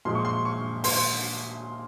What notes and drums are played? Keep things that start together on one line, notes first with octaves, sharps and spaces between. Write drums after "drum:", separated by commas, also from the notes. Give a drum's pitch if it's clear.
A#2 F3 G#3 C6
C#6
C6
C#6
C6, drum: open hi-hat